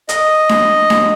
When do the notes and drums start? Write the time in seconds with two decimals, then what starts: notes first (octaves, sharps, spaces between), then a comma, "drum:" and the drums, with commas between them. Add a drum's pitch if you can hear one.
0.09 D#5, drum: hi-hat
0.49 drum: snare D4
0.90 drum: snare D4